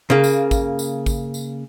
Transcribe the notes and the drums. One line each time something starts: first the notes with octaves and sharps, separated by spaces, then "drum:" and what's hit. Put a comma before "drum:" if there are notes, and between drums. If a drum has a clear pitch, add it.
C#3 A#3
drum: tambourine
drum: kick, tambourine
drum: tambourine
drum: kick, tambourine
drum: tambourine